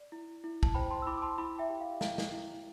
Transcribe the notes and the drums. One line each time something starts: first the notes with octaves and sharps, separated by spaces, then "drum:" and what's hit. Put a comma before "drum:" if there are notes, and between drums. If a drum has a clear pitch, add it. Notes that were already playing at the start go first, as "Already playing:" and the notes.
Already playing: D5
E4
E4
A5, drum: kick
C5 G5 B5
A5 C6
E6
E4 B5 D6
D6
A5 C6
E4 B5 D6
E5 G5
G4
F5
E4 F5, drum: snare
drum: snare
E4